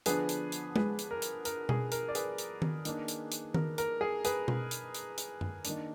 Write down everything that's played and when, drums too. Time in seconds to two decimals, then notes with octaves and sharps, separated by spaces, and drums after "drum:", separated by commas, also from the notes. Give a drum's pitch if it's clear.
0.06 D3 F3 B3 D4 G#4 B4, drum: hi-hat
0.29 drum: hi-hat
0.52 drum: hi-hat
0.76 G#4 B4, drum: tom G#3
0.99 drum: hi-hat
1.11 A#4
1.22 drum: hi-hat
1.45 A#4, drum: hi-hat
1.69 G#4, drum: tom B2
1.92 A#4, drum: hi-hat
2.08 D5
2.15 G#4 B4, drum: hi-hat
2.38 drum: hi-hat
2.62 drum: tom D#3
2.85 D#3 A#3 D4, drum: hi-hat
3.08 drum: hi-hat
3.32 drum: hi-hat
3.54 A#4, drum: tom D#3
3.78 A#4, drum: hi-hat
4.01 G#4
4.25 G#4 B4, drum: hi-hat
4.48 drum: tom B2
4.71 drum: hi-hat
4.95 drum: hi-hat
5.18 drum: hi-hat
5.41 drum: tom F#2
5.65 D#3 A#3 D4, drum: hi-hat